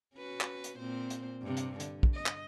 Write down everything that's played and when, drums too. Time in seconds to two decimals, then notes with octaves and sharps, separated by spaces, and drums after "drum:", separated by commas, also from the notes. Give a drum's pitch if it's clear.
0.15 C#4 F#4 B4
0.41 drum: clap
0.64 drum: hi-hat
0.78 A#2 C4 C5
1.10 drum: hi-hat
1.42 G2 C3
1.57 drum: hi-hat
1.80 D3, drum: hi-hat
2.03 drum: kick
2.14 D#5
2.26 drum: clap